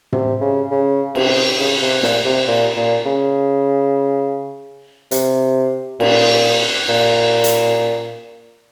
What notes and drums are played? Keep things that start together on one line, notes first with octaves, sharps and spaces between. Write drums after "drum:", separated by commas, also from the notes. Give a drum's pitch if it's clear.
C3, drum: tom
C#3
C#3
C3, drum: cymbal
C#3
C3
A#2, drum: snare
C3
A#2
A#2
C#3
C3, drum: hi-hat
A#2, drum: cymbal
A#2
drum: hi-hat